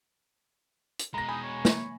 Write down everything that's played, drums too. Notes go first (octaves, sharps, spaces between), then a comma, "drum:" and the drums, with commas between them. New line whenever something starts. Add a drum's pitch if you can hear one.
drum: hi-hat
B2 G#3 A#5 A#6
D#4 G#5 B5
C#5
drum: snare